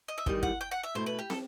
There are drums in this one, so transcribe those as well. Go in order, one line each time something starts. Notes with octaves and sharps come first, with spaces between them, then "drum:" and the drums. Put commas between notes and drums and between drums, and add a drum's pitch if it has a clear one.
D#5
E5
E2 D#3 G3 D#5, drum: kick
F#5, drum: kick
G5
F#5
E5
B2 A3 E4 C5
B4
G4
A4, drum: snare